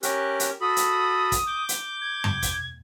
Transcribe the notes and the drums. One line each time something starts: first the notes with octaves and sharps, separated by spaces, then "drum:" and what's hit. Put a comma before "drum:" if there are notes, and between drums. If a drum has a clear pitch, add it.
C#4 G4 A#4 F#6, drum: hi-hat
drum: hi-hat
F#4 A4 B5 D#6
drum: hi-hat
drum: kick, hi-hat
D6 G6
drum: hi-hat
G#6
drum: tom F2
drum: kick, hi-hat